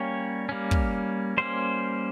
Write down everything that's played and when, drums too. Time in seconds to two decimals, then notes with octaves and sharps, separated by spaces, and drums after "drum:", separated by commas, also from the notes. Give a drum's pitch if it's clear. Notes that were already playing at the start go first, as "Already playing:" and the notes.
Already playing: G3 A#3 C#4 C#5
0.49 G3 A#3 C#4
0.71 drum: kick
1.37 G3 A#3 C#4 C5